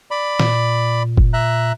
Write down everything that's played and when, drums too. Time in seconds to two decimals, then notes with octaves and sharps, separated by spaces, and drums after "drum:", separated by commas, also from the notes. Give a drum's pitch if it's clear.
0.11 D5 B5
0.39 A#2, drum: snare
1.17 drum: kick F#1
1.33 E5 A#5 F#6